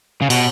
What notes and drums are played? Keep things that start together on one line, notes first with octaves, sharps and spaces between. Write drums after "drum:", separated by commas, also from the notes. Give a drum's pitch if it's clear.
C#3
B2, drum: cymbal